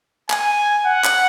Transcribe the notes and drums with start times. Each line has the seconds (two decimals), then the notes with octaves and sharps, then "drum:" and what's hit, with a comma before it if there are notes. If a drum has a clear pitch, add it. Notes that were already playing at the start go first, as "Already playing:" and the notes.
0.30 G#5, drum: clap
0.86 F#5
1.04 drum: clap